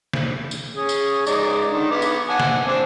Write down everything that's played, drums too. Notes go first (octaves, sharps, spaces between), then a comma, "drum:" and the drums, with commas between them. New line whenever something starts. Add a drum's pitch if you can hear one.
drum: snare
drum: tambourine
C#4 G#4
drum: tambourine
G#3 D#4 D5, drum: tambourine
D3 D#3
B3 D6
drum: tambourine
F#5 G#5 A5
drum: snare
C4 D4